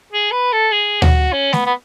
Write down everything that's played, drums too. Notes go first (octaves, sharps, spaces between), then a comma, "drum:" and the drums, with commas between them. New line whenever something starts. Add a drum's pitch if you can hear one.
G#4
B4
A4
G#4
F#4, drum: tom D2
C#4
B3, drum: snare A3
B3